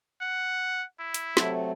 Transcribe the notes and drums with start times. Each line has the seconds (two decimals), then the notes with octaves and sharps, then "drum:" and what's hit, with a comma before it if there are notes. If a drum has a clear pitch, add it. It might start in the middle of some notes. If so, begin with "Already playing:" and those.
0.21 F#5
1.00 E4
1.14 drum: hi-hat
1.37 C3 F#3 A3, drum: snare